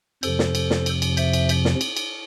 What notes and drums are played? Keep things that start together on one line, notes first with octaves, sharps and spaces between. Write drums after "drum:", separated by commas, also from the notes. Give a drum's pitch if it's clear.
F2 C3 F3 A4 C5, drum: cymbal
drum: snare
drum: cymbal
drum: snare
drum: cymbal
drum: cymbal
C5 E5, drum: cymbal
drum: cymbal
drum: cymbal
drum: snare
drum: cymbal
drum: cymbal